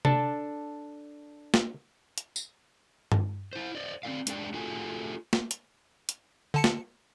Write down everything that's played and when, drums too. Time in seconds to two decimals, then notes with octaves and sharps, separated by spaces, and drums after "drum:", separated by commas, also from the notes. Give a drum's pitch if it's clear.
0.05 D4 A4 A5, drum: tom C3
1.54 drum: snare
2.18 drum: hi-hat
2.36 drum: tambourine
3.12 drum: tom G2
3.53 E4 C5
3.75 C5 D5 D#5
4.03 C4 C#4 D5 F5
4.27 G#3 D4 G#4 D5 G5, drum: hi-hat
4.54 A3 F4 F#4 G#4 G#5
5.33 drum: snare
5.51 drum: hi-hat
6.09 drum: hi-hat
6.54 D3 A5 C#7
6.64 drum: snare